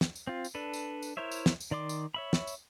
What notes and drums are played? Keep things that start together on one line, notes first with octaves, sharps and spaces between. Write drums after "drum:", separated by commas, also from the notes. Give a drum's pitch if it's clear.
drum: snare
drum: tambourine
C4 F4
drum: tambourine
D4 A4 B4
drum: tambourine
drum: tambourine
E4 A#4 C5 C#5 E5
drum: tambourine
drum: snare
drum: tambourine
D#3 D5 C6 D6
drum: tambourine
C#5 E5 B5
drum: snare
drum: tambourine